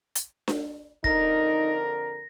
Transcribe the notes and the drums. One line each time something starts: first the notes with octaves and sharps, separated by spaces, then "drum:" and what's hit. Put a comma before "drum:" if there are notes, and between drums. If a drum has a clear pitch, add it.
drum: hi-hat
drum: snare D4
F2 D3 D#4 A#4 A#6, drum: kick